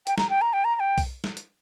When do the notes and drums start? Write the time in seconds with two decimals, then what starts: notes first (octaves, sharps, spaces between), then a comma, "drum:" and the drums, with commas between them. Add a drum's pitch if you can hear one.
0.07 G5, drum: hi-hat
0.18 A#5, drum: snare
0.30 G5
0.41 A#5
0.53 G5
0.64 A#5
0.76 A#5
0.80 G5
0.98 drum: kick B1, open hi-hat
1.24 drum: snare
1.37 drum: hi-hat